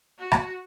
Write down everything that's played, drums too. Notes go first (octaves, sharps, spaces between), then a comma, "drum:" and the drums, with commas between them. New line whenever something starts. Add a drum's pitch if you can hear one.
F#4
drum: rim click